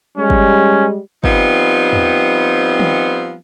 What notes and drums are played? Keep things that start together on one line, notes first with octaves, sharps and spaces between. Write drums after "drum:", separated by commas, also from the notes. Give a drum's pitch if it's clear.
G3 G#3 C#4
drum: kick
F3 G3 B3 C4 D#4, drum: kick
drum: tom E2
drum: tom D#3